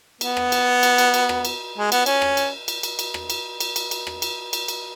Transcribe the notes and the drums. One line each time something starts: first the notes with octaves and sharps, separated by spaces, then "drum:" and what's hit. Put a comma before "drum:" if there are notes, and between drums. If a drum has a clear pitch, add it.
B3, drum: cymbal
drum: rim click
drum: cymbal
drum: cymbal
drum: cymbal
drum: cymbal
drum: rim click
drum: cymbal
G#3
B3, drum: cymbal
C#4, drum: cymbal
drum: rim click
drum: cymbal
drum: cymbal
drum: cymbal
drum: cymbal
drum: rim click
drum: cymbal
drum: cymbal
drum: cymbal
drum: cymbal
drum: rim click
drum: cymbal
drum: cymbal
drum: cymbal